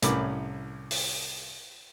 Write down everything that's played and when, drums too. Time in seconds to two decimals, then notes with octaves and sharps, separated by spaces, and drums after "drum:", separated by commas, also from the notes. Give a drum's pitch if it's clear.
0.02 C2 A2 C#4 A#4 B5 D6, drum: hi-hat
0.91 drum: open hi-hat